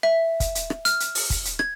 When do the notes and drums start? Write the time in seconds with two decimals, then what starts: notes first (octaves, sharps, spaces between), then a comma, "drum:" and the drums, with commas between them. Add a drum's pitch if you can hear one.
0.03 E5
0.40 drum: kick, hi-hat
0.55 drum: hi-hat
0.70 drum: rim click
0.85 F6, drum: hi-hat
1.00 drum: hi-hat
1.15 drum: open hi-hat
1.30 drum: kick, hi-hat
1.45 drum: hi-hat
1.59 G#6, drum: rim click